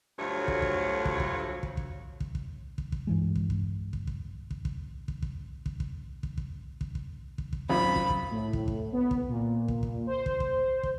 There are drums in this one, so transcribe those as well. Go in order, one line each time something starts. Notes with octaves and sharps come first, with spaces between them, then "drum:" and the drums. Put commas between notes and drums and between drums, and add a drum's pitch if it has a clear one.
D2 G2 F3 F#3 A3 C#5
drum: kick
drum: kick
drum: kick
drum: kick
drum: kick
drum: kick
drum: kick
drum: kick
drum: kick
drum: kick
G2 E3 G#3
drum: kick
drum: kick
drum: kick
drum: kick
drum: kick
drum: kick
drum: kick
drum: kick
drum: kick
drum: kick
drum: kick
drum: kick
drum: kick
drum: kick
drum: kick
drum: kick
G#1 F#2 F4 B5
drum: kick
drum: kick
A2
drum: kick
drum: kick
B3
drum: kick
A#2
drum: kick
drum: kick
C5
drum: kick
drum: kick
drum: kick